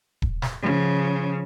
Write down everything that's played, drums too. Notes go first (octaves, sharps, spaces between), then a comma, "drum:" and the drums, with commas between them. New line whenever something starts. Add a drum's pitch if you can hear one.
drum: kick D#1
drum: snare
C#3 F3